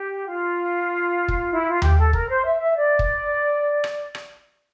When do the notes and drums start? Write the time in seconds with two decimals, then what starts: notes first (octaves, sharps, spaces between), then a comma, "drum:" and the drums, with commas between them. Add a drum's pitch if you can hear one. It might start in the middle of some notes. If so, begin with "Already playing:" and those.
Already playing: G4
0.26 F4
1.28 drum: kick
1.51 E4
1.67 F4
1.82 G4, drum: tom D#2
1.98 A4
2.13 A#4, drum: kick
2.28 C5
2.44 E5
2.60 E5
2.75 D5
2.99 drum: kick
3.84 drum: rim click
4.15 drum: rim click